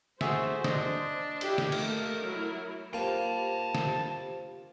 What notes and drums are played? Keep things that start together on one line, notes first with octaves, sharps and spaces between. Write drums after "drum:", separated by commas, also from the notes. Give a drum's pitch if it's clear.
A3 F#4 G#4 C5 E5, drum: snare
D4 D#5, drum: snare
E4 G4, drum: cymbal
drum: snare
A3 A#3 A#4, drum: cymbal
F#3 E4
A#3 F4 G4 C5 G5 A5
drum: snare